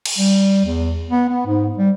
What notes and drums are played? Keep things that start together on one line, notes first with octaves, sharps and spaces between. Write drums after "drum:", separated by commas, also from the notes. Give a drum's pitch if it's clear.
drum: cymbal
G3
E2
B3
B3
G#2
G3